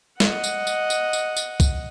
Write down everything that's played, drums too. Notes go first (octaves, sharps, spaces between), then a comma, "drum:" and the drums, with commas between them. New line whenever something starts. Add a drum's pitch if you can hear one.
D#5 F#5, drum: snare
drum: tambourine
drum: tambourine
drum: tambourine
drum: tambourine
drum: tambourine
drum: kick B1, tambourine